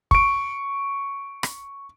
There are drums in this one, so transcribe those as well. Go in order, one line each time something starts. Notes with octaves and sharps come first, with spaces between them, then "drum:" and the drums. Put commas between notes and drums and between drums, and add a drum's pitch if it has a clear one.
C#6 D7, drum: kick
drum: rim click